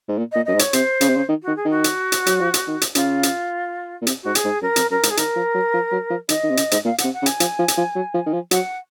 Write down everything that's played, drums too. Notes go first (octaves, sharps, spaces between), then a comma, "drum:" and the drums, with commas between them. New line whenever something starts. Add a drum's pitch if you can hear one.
G#2
A#2
A#2 D#5
F#2 D#5
G#2
C#5, drum: hi-hat
C3 C5, drum: hi-hat
C#3, drum: hi-hat
C3
C#3
D#3
F#4
D#3
G#4
D#3 F#4
drum: hi-hat
drum: hi-hat
F#3, drum: hi-hat
F3
drum: hi-hat
D#3
drum: hi-hat
C#3 F4, drum: hi-hat
drum: hi-hat
A#2
C3, drum: hi-hat
G#2 F#4
G#4, drum: hi-hat
G#2
F#2 A#4
F2, drum: hi-hat
F#2 A#4
G#2, drum: hi-hat
G#4
D#3 A#4, drum: hi-hat
F3
F#3
F3
F#3
F3
D#3 D#5, drum: hi-hat
D#3
C3
C#3, drum: hi-hat
G#2, drum: hi-hat
A#2 F5
F#5, drum: hi-hat
C3
F#5
C#3
G#5, drum: hi-hat
F3, drum: hi-hat
F3
drum: hi-hat
F3
F#3
F3
D#3
F3
F#3 F#5, drum: hi-hat